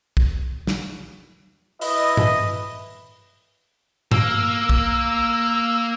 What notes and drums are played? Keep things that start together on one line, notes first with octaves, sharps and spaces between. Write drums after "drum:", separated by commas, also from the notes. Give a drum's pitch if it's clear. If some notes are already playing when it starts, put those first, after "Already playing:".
drum: kick
drum: snare
E4 B4 D#5, drum: open hi-hat
drum: tom G2
A#3 E6, drum: tom G2
drum: kick